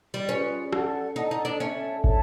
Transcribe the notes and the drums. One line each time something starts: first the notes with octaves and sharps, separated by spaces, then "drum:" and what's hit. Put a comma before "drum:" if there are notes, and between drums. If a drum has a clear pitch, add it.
G3
C#4 F4 G#4 B4
A4 D5 F#5 A5, drum: rim click
D#4 A4 D5 F#5 A5
D#4
D4
C#4 A4 C#5 E5 A5
A4 C#5 E5 A5, drum: kick